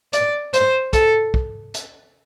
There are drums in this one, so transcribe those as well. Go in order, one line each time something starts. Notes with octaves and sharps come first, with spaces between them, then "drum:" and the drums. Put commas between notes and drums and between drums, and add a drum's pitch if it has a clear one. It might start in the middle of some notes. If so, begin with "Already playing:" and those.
D5, drum: hi-hat
C5, drum: hi-hat
A4, drum: kick, hi-hat
drum: kick
drum: hi-hat